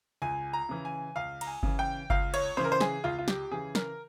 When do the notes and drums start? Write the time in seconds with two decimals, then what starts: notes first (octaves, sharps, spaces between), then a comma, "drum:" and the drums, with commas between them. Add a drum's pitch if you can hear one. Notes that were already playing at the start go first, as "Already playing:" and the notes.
0.22 C#2 G#5
0.53 A#5
0.69 C#3 E3
0.85 G#5
1.16 C#2 F5
1.41 A#5, drum: cymbal
1.47 G#5
1.63 C#3 E3, drum: kick G1
1.79 G5
2.10 C#2 F5, drum: kick G1
2.34 C#5, drum: cymbal
2.57 C#3 E3 C5
2.64 A#4
2.72 C5
2.81 G#4, drum: snare
3.04 C#2 F4
3.18 F4
3.28 G4, drum: snare
3.51 C#3 E3 G#4
3.75 A#4, drum: snare